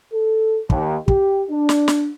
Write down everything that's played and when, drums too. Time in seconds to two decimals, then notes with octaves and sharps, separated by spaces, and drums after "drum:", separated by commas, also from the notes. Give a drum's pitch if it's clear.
0.13 A4
0.70 D#2, drum: kick
1.08 G4, drum: kick
1.50 D4
1.69 drum: snare
1.88 drum: snare